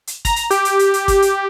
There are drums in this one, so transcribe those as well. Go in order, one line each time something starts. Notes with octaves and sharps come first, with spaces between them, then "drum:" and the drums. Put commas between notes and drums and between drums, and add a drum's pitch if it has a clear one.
drum: hi-hat
A#5, drum: kick, hi-hat
drum: hi-hat
G4, drum: hi-hat
drum: hi-hat
drum: hi-hat
drum: hi-hat
drum: kick, hi-hat
drum: hi-hat